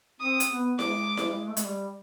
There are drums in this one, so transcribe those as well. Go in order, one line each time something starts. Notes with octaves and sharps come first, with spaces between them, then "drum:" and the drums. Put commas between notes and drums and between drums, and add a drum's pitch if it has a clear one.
C4 D#6
drum: hi-hat
B3
G#3 D6, drum: snare E4
drum: snare E4
G3
G#3
A3
G#3, drum: hi-hat
G3